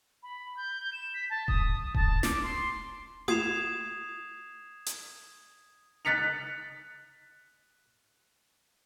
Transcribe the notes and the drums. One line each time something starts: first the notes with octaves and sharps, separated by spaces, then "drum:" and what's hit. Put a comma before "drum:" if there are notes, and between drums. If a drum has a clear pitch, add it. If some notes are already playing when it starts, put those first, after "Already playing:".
B5
G6
E7
B6
A5
D#6, drum: kick D#1
A5, drum: kick D#1
D6, drum: snare
C6
D#6 G#6 C7 E7 F7, drum: tom E4
drum: hi-hat
F#6 A6 B6 C#7 F7